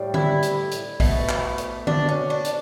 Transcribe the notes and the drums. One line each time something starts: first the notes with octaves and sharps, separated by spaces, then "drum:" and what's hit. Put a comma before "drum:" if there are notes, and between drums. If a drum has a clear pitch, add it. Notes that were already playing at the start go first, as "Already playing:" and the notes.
Already playing: A2 G3
E4, drum: tom D3
drum: hi-hat
drum: hi-hat
B2 A3, drum: kick, open hi-hat
drum: clap
drum: hi-hat
D4, drum: tom D3
C#4
D4
drum: hi-hat